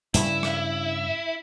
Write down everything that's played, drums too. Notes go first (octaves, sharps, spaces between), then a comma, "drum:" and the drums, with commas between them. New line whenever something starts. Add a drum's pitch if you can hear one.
G2 C#3 G3 E4, drum: hi-hat
drum: rim click